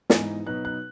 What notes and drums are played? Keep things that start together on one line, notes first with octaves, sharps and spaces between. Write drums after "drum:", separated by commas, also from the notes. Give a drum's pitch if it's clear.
G#2 E3 B3 D#4 G#5, drum: snare
B2 F#3 B3 D#4 F#6
F#6